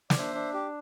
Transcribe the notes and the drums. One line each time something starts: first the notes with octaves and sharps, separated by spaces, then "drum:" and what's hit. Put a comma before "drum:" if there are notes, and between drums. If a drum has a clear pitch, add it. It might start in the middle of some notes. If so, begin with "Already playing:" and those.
D5, drum: snare
D4 C5 E5
D4
G4